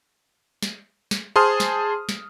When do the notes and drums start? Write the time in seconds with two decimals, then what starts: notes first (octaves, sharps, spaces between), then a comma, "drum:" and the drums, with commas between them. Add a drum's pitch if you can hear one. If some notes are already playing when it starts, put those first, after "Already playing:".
0.63 drum: snare
1.11 drum: snare
1.36 G#4 C5 A5 C6 D#6 F6
1.60 drum: snare
2.09 drum: snare